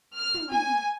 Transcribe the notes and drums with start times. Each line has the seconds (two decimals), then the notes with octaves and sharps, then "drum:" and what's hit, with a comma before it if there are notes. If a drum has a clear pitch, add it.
0.16 F6
0.34 drum: tom
0.51 G#5, drum: tom